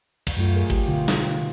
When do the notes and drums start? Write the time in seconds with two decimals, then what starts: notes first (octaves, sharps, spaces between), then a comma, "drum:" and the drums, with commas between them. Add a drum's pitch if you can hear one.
0.27 drum: kick B1, cymbal
0.36 F#2 F#3 A3 F4
0.55 G#4 A#4
0.70 G#1 G4, drum: kick B1, cymbal
0.88 B2 D3 F4
1.08 drum: snare